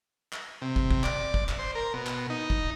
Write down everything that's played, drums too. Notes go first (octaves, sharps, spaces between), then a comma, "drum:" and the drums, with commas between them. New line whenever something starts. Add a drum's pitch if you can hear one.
drum: clap
C3
drum: kick
drum: kick
D5, drum: clap
drum: kick
drum: clap
C5
A#4
B2
drum: clap
D#4
drum: kick